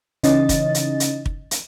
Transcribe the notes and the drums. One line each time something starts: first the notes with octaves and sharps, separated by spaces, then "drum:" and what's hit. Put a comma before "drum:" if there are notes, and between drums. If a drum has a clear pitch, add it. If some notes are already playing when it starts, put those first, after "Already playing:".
C#3 E3 C#4 D#4 D#5 A6, drum: hi-hat
drum: kick, hi-hat
drum: hi-hat
drum: hi-hat
drum: kick
drum: hi-hat